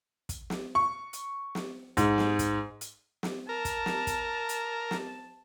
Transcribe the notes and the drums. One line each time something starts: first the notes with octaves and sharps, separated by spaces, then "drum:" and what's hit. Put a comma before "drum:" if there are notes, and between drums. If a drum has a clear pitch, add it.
drum: kick, hi-hat
drum: snare
C#6
drum: hi-hat
drum: snare
G#2, drum: kick, hi-hat
drum: snare
drum: kick, hi-hat
drum: hi-hat
drum: snare
A#4 A5
drum: kick, hi-hat
drum: snare
drum: kick, hi-hat
drum: hi-hat
drum: snare